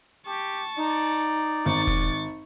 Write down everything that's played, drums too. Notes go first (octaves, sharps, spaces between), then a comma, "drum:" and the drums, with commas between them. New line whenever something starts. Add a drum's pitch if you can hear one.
G4 A5 C#6
D#4 D5
G#1 C#6 A6
drum: kick E1